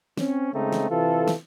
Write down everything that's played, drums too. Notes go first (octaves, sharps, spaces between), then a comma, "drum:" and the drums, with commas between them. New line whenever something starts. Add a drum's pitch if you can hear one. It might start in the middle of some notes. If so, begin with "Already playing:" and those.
C4 C#4, drum: snare
C#3 G#3 A3 C4 D#4
drum: snare
C3 E3 F4 A4
drum: snare